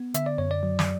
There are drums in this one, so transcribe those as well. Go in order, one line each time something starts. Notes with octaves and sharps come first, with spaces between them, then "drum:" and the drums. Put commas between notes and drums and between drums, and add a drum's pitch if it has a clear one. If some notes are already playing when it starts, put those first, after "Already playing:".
Already playing: B3
D3 E5, drum: hi-hat
D5
F#2 C#5
D5
F#3
drum: snare